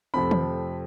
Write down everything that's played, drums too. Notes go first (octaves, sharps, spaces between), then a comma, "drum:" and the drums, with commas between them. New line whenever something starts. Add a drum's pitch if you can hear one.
F2 C3 F3 A3 C4 B5
drum: tom D#3